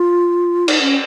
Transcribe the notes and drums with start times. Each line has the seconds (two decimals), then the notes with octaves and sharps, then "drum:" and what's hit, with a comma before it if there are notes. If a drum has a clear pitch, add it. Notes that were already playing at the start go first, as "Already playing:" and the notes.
Already playing: F4
0.68 D#4, drum: cymbal
0.81 C#4